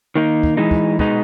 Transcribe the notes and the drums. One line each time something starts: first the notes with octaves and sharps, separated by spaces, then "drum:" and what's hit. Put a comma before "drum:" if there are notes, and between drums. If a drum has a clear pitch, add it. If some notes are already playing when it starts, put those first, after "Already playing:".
D#3 A#3 D#4
drum: kick
E3 G#3 D#4
drum: kick
B2 G#3 B3 D#4, drum: kick